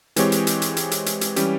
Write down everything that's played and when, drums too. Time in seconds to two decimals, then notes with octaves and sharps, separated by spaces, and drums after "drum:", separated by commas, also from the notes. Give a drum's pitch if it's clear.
0.16 E3 G#3 C4 G4 C#5, drum: hi-hat
0.32 drum: hi-hat
0.47 drum: hi-hat
0.62 drum: hi-hat
0.77 drum: hi-hat
0.91 drum: hi-hat
1.06 drum: hi-hat
1.21 drum: hi-hat
1.36 E3 G3 C#4 G4, drum: hi-hat